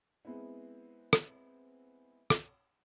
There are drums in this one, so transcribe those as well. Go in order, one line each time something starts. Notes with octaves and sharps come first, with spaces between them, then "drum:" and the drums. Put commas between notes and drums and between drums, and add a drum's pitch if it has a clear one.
G#3 B3 C4 E4
drum: rim click
drum: rim click